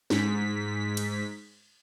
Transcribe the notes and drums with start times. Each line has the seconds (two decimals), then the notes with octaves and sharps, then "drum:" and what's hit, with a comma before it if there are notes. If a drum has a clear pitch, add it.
0.10 G#2 B6, drum: snare
0.97 drum: cymbal